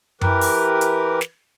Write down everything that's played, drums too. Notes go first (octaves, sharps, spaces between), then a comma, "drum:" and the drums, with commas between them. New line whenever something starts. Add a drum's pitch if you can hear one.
E3 G4 A#4 B4, drum: tom F#2
drum: open hi-hat
drum: hi-hat
drum: snare